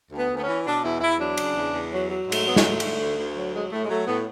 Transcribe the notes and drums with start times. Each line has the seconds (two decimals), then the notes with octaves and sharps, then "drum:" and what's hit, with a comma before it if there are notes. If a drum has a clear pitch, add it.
0.11 D2
0.17 B3
0.30 D2
0.36 B3
0.42 C#4
0.47 E3
0.65 B2 D4
0.83 E2 E4
1.00 E2 E4
1.19 F#3 D4
1.37 C#3, drum: cymbal
1.54 E2
1.73 E2
1.91 F#3
2.08 F#3
2.27 G#2
2.32 A3, drum: cymbal
2.44 F#3 B3
2.56 A3, drum: snare
2.63 G#2
2.80 D3, drum: cymbal
2.99 D2
3.17 D2
3.34 F#3
3.52 F#3 G#3
3.70 A2 A3
3.83 G#3
3.88 F#3 A3
4.06 A2 B3